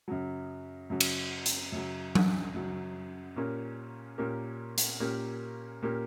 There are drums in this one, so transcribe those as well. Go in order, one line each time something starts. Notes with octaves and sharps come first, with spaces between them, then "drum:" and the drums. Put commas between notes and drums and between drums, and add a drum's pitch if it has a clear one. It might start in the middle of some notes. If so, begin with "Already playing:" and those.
F#2 C#3 F#3
F#2 C#3 F#3
drum: cymbal
drum: hi-hat
F#2 C#3 F#3
drum: tom F#3
F#2 C#3 F#3
A#2 A#3 C#4 G4 A#4
A#2 A#3 C#4 G4 A#4
drum: hi-hat
A#2 A#3 C#4 G4 A#4
A#2 A#3 C#4 G4 A#4